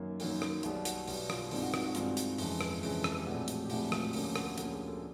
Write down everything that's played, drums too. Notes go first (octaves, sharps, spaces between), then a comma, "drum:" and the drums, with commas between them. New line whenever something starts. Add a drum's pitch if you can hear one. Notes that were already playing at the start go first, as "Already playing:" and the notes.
Already playing: F#2 D#3 F#3 A#3
F#2 D#3 F#3 A#3, drum: open hi-hat
drum: rim click
B1 B2 G3 G#4, drum: hi-hat
F#4, drum: hi-hat
B1 B2 G3, drum: open hi-hat
F4, drum: rim click
G2 D#3 G#3 C4 F4, drum: open hi-hat
F#4
F#4, drum: rim click
F#4
G2 D#3 G#3 C4 F4, drum: hi-hat
drum: hi-hat
F2 C#3 E3 G#3, drum: open hi-hat
drum: rim click
F2 C#3 E3 G#3, drum: open hi-hat
drum: rim click
G4
A#1 A2 F3 G#3 C4 F#4
G4, drum: hi-hat
G4
A#1 A2 F3 G#3 C4 F#4, drum: open hi-hat
F4, drum: rim click
D2 D3 F3 A#3 C#4 G4, drum: open hi-hat
F#4, drum: rim click
D2 D3 F3 A#3 C#4 F#4, drum: hi-hat
G#4
A4